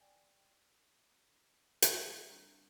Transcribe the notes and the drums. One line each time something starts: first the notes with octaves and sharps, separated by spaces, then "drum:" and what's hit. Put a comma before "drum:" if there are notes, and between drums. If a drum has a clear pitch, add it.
D5 G5 G#5
drum: hi-hat
G3 C4 D4